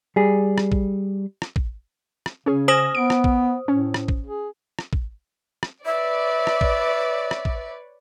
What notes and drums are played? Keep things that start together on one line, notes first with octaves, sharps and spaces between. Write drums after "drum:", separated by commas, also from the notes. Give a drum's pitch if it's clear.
G3 G#4
drum: rim click
drum: kick
drum: rim click
drum: kick
drum: rim click
C#3 C#4 G#4
C5 G#5 D#6 A#6 E7
B3 D7
drum: rim click
drum: kick
A2 C#4
drum: rim click
drum: kick
G#4
drum: rim click
drum: kick
drum: rim click
B4 C#5 D5 E5
drum: rim click
drum: kick
drum: rim click
drum: kick